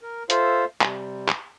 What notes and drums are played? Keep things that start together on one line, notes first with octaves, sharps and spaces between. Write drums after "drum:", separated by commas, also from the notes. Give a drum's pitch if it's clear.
A#4
F4 A4 C5 E5 F5, drum: hi-hat
C3 G3, drum: clap
drum: clap